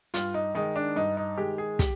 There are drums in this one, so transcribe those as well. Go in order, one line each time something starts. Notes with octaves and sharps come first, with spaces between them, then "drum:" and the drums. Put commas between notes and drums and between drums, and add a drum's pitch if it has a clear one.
G2 F4, drum: hi-hat
D#4
D#3 G#3 D#4
D4
G2 D#4
D#4
D#3 G#3 G4
G#4
G4, drum: kick, hi-hat